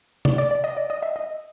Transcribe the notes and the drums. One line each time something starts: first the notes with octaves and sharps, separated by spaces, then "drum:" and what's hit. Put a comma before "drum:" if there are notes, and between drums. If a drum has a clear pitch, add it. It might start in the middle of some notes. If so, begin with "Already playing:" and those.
D5, drum: tom C3
D5
D5
D#5
D5
D#5
E5
D#5